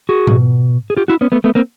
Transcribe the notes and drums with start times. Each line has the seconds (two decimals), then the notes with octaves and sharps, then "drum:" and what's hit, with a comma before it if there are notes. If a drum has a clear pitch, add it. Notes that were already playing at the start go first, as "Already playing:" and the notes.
0.09 F#4 G#4
0.27 B2, drum: tom G#2
0.90 G#4
0.97 F4 G4
1.08 E4 F#4
1.21 B3 C#4
1.32 A3 B3
1.44 A3 B3
1.55 A#3 C4